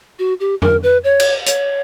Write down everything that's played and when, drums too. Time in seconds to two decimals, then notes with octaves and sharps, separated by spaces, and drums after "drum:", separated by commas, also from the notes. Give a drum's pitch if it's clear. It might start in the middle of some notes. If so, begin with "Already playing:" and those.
0.19 F#4
0.40 G4
0.62 A#4, drum: tom F2
0.83 B4
1.04 C#5
1.20 drum: cymbal
1.46 C#5, drum: hi-hat